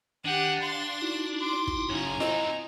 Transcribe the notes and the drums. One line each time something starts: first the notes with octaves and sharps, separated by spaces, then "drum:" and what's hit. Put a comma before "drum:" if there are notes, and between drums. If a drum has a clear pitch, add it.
D#3 D4 G4 F#5
F5 C6
D#4 E4 F#4
C6 D6
drum: kick
F#2 C#3 G#5 A#5
C4 D#4 E4 D#5, drum: snare F4